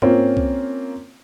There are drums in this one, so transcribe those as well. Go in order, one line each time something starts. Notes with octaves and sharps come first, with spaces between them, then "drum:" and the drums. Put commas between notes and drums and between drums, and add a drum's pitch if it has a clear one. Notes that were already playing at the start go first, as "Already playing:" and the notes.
A#3 C4 C#4 F4, drum: tom G#2
drum: kick